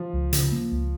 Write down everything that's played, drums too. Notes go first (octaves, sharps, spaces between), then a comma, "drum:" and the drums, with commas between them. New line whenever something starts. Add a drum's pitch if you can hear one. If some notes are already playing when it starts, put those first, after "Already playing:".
Already playing: F3
C#2
C#3, drum: hi-hat
A#3
C#2